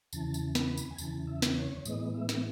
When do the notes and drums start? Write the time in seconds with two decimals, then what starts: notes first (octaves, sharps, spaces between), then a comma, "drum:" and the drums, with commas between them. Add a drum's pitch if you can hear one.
0.13 E2 C#3 E3 A5, drum: tambourine
0.34 drum: tambourine
0.55 B5, drum: snare
0.77 drum: tambourine
0.91 G#5
0.98 E2 C#3 E3 A5, drum: tambourine
1.27 E5
1.42 drum: snare
1.57 C#5
1.85 A2 E3 G#3 B3 D#5, drum: tambourine
2.14 E5
2.29 drum: snare